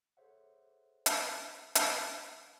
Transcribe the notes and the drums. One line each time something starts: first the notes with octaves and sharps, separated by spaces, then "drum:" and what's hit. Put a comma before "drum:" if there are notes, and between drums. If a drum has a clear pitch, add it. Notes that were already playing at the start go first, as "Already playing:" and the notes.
G#4 A4 C5 C#5 E5 F#5
drum: hi-hat
drum: hi-hat